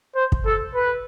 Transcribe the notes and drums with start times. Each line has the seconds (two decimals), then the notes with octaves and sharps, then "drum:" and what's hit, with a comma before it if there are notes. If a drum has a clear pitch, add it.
0.15 C5
0.32 drum: kick
0.46 A4
0.75 B4